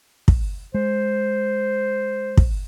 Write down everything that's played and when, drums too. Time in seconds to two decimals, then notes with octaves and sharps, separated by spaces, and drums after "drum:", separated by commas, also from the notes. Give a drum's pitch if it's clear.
0.28 drum: kick
0.74 G#3 C5
2.37 drum: kick